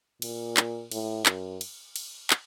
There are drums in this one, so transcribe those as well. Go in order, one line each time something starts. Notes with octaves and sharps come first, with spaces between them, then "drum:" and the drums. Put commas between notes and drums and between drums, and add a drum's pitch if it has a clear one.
A#2, drum: cymbal
drum: clap
A2, drum: cymbal
F#2, drum: clap
drum: cymbal
drum: cymbal
drum: clap